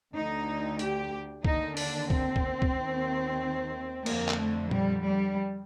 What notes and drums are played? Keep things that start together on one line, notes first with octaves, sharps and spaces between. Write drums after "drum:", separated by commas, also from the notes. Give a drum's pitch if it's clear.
D2 D3 D#4
G4, drum: hi-hat
D#2 D3 D#4, drum: kick
D4, drum: open hi-hat
C4, drum: kick
drum: kick
drum: kick
D#2 D#3
F2 D3 A#3, drum: cymbal
drum: clap
A3
G3, drum: tom A#2
G3